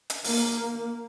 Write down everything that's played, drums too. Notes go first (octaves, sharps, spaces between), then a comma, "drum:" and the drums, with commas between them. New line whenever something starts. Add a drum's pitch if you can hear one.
drum: hi-hat
A#3, drum: open hi-hat